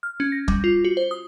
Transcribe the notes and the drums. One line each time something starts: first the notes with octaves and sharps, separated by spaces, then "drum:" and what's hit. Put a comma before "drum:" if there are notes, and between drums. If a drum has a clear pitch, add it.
F6
C#4
A#6
G3, drum: kick
F4
F#4
C5
D#6